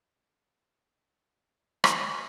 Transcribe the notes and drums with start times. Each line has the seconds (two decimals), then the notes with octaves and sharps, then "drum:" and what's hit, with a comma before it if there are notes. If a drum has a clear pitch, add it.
0.17 C5 E5
1.84 drum: rim click